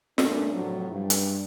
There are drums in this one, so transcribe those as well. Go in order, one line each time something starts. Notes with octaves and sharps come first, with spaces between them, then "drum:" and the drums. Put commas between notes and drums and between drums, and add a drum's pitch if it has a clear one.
G2 A#2 A3 C#4 D4, drum: snare
A2 C3 F3 F#3
G2
drum: hi-hat